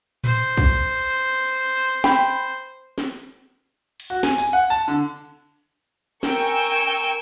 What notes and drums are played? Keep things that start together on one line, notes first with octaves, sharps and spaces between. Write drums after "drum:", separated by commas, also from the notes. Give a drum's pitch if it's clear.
C5, drum: tom A2
drum: kick
G5 B5, drum: snare
drum: snare
drum: cymbal
F#4
G#5, drum: snare
G#5, drum: tambourine
F#5
A5
D3
A#4 G5 G#5 C#6 E6, drum: snare